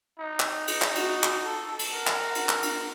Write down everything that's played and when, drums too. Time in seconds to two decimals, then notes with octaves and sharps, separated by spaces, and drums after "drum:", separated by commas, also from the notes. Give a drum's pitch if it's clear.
0.19 D#4
0.40 drum: clap
0.68 drum: cymbal
0.82 drum: clap
0.95 F#4, drum: cymbal
1.23 drum: clap
1.44 A4
1.79 drum: cymbal
1.93 A#4 F#5
2.07 drum: clap
2.35 drum: cymbal
2.49 drum: clap
2.63 drum: cymbal